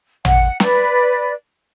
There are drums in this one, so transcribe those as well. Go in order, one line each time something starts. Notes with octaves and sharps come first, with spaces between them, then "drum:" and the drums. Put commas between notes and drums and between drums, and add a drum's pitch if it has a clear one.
F#5, drum: tom A1
B4 D5, drum: snare